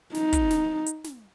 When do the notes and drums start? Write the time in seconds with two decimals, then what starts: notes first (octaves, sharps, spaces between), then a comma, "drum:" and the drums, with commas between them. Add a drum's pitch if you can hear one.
0.14 D#4, drum: snare
0.33 drum: kick, hi-hat
0.50 drum: snare
0.86 drum: hi-hat
1.04 drum: snare